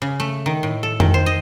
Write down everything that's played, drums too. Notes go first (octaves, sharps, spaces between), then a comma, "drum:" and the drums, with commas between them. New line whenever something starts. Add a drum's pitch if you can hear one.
C#3
A3
D#3
A2
A4
D#3, drum: tom F2
C5
D#5